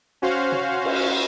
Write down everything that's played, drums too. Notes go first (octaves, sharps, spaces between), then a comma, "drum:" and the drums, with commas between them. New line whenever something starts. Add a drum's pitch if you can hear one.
C#4 F#4 C5 F5
drum: tom
drum: cymbal